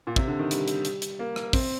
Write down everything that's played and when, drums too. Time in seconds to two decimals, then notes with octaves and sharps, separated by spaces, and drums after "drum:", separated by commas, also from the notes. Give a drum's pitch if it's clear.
0.07 A#2
0.16 C3, drum: kick
0.27 D3
0.39 D#3
0.51 G3, drum: hi-hat
0.68 drum: hi-hat
0.85 drum: hi-hat
1.02 drum: hi-hat
1.19 A#3
1.36 drum: rim click
1.53 C4, drum: kick, open hi-hat